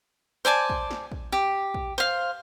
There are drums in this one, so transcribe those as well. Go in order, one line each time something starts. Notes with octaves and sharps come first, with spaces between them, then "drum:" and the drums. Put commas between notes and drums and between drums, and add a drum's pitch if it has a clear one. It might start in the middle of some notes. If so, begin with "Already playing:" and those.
C5 D5 G#5 A5
drum: kick
drum: snare
drum: kick
G4
drum: kick
C5 F5